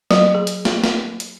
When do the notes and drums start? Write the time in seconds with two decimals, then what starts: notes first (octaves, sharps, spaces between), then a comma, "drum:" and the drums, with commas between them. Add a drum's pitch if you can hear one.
0.11 F#3, drum: snare
0.34 G#4
0.47 drum: hi-hat
0.65 drum: snare
0.84 drum: snare
1.20 drum: hi-hat